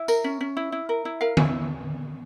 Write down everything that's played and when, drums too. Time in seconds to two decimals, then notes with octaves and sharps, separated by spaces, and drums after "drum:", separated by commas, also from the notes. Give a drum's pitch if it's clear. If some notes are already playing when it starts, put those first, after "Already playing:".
Already playing: E4 E5
0.08 A#4, drum: tambourine
0.24 C#4
0.41 C#4
0.57 E4
0.72 E4
0.89 A#4
1.05 E4
1.21 A#4 F5
1.37 E4, drum: tom D3